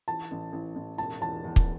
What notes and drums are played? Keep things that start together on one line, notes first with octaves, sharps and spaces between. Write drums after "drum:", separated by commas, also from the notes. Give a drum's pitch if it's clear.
E3 A5
A1
A1
A1
E1 A5
E2 A5
E2
drum: kick